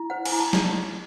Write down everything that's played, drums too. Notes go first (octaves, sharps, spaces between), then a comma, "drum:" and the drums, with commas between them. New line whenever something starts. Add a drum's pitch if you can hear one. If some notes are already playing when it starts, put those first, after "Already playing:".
Already playing: E4
C5 F#5
G#5, drum: cymbal
E4
A5
drum: snare